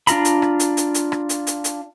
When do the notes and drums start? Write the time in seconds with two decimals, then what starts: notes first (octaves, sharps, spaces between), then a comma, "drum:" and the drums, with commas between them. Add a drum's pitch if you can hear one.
0.07 D4 F4 A#5 B5, drum: hi-hat
0.25 drum: hi-hat
0.42 drum: rim click
0.60 drum: hi-hat
0.77 drum: hi-hat
0.94 drum: hi-hat
1.12 drum: rim click
1.29 drum: hi-hat
1.47 drum: hi-hat
1.64 drum: hi-hat